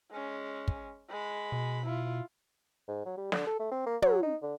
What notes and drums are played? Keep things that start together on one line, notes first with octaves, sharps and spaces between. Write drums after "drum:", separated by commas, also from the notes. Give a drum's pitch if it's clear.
G#3 C#4
drum: kick
G#3 B5
B2
E4 F4
G#2
F#3
G3
D3, drum: snare
A4
A3
C4
A#3
F#3, drum: tom
D#4
D3